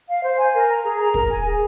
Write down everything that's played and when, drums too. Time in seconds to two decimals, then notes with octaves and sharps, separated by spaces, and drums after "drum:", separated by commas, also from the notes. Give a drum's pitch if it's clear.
0.08 F5
0.23 C5
0.38 G#5
0.54 A#4
0.69 A#5
0.84 G#4
0.99 A#5
1.14 A#4, drum: kick
1.30 G#5
1.45 G#4